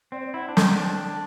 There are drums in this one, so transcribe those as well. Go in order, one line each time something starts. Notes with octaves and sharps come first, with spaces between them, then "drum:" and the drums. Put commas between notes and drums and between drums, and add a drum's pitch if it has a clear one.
C4 D5
C5
D5
E4 F#5
D4
C4 G5, drum: snare
D4
A5